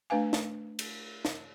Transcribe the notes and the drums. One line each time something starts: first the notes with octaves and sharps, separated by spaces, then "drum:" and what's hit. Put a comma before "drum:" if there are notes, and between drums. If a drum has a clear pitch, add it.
A3 D4 B4 F5 G#5
drum: snare
drum: cymbal
drum: snare